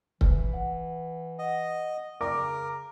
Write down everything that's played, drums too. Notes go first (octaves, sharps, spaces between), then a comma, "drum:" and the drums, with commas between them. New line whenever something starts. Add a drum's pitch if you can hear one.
E3, drum: kick C#1
F#5
D#5 F#5
C#3 A#4 D6 A#6